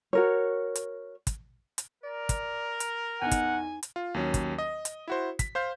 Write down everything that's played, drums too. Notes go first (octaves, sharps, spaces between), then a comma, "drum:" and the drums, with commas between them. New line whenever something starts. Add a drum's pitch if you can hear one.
F#4 A#4 C#5
drum: hi-hat
drum: kick, hi-hat
drum: hi-hat
A#4 D5
drum: kick, hi-hat
drum: hi-hat
E2 D#4 F#5 G#5
drum: kick, hi-hat
drum: hi-hat
F4
D#2 F#3 C#4
drum: kick, hi-hat
D#5
drum: hi-hat
E4 F#4 C5
B6, drum: kick, hi-hat
C5 F5 G6